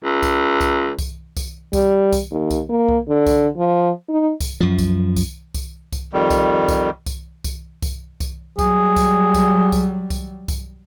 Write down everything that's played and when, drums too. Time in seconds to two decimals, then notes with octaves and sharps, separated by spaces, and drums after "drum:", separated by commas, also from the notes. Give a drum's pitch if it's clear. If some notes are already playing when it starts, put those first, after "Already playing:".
0.04 C#2
0.23 drum: kick C2, tambourine
0.61 drum: kick C2, tambourine
0.99 drum: kick C2, tambourine
1.37 drum: kick C2, tambourine
1.73 G3, drum: kick C2, tambourine
2.13 drum: kick C2, tambourine
2.31 D#2
2.51 drum: kick C2, tambourine
2.70 A#3
2.89 drum: kick C2
3.09 D3
3.27 drum: kick C2, tambourine
3.57 F3
4.09 D#4
4.40 drum: kick C2, tambourine
4.60 F#2 F3
4.78 drum: kick C2, tambourine
5.16 drum: kick C2, tambourine
5.54 drum: kick C2, tambourine
5.92 drum: kick C2, tambourine
6.13 F2 D#3 G3
6.30 drum: kick C2, tambourine
6.68 drum: kick C2, tambourine
7.06 drum: kick C2, tambourine
7.44 drum: kick C2, tambourine
7.82 drum: kick C2, tambourine
8.20 drum: kick C2, tambourine
8.59 F#3 G3 G#4, drum: kick C2, tambourine
8.96 drum: kick C2, tambourine
9.34 drum: kick C2, tambourine
9.72 drum: kick C2, tambourine
10.10 drum: kick C2, tambourine
10.48 drum: kick C2, tambourine